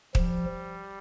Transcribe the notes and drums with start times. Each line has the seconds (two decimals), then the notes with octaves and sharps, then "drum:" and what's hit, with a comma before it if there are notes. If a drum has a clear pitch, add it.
0.15 F3 G3, drum: kick